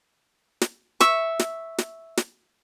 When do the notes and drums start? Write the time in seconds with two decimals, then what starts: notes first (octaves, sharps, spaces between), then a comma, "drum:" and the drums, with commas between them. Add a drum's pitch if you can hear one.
0.61 drum: snare
1.00 E5 C#6, drum: snare
1.39 drum: snare
1.78 drum: snare
2.17 drum: snare